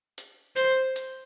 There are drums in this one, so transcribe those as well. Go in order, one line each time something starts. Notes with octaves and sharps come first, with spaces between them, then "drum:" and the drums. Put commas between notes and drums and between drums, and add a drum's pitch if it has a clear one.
drum: hi-hat
C5, drum: hi-hat
drum: hi-hat